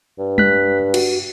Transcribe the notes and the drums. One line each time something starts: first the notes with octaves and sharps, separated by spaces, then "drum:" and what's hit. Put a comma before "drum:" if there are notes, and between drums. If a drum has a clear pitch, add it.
G2
F#6 B6, drum: tom G3
F#4, drum: cymbal